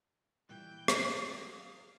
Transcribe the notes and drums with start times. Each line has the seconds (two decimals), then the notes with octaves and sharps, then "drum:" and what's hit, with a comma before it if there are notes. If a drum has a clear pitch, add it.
0.49 A#2 E3 G3 G5
0.88 A6, drum: rim click
1.24 F#3 F#4 D#6
1.54 F5